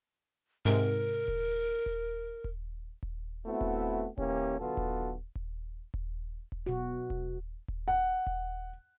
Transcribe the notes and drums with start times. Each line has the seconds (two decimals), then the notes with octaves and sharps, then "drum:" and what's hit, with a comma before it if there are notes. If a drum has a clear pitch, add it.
0.65 G#2 C3 A#4
1.28 drum: kick D#1
1.86 drum: kick D#1
2.44 drum: kick D#1
3.03 drum: kick D#1
3.46 A3 B3 C4 E4 F#4
3.61 drum: kick D#1
4.18 E3 A#3 C#4 G4, drum: kick D#1
4.58 B1 D3 B3 F4 F#4 A4
4.77 drum: kick D#1
5.35 drum: kick D#1
5.94 drum: kick D#1
6.52 drum: kick D#1
6.66 B2 F#4
7.10 drum: kick D#1
7.68 drum: kick D#1
7.88 F#5
8.27 drum: kick D#1